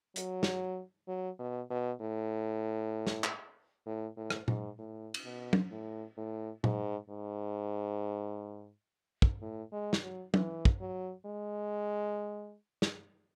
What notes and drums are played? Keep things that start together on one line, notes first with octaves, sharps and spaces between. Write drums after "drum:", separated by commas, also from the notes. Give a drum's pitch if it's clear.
F#3, drum: hi-hat
drum: snare
F#3
B2
B2
A2
drum: snare
drum: clap
A2
A2
drum: rim click
G#2, drum: tom A#2
A2
drum: cymbal
B2
drum: tom
A2
A2
G#2, drum: tom A#2
G#2
drum: kick
A2
G#3
drum: snare
F#3
E3, drum: tom
drum: kick
F#3
G#3
drum: snare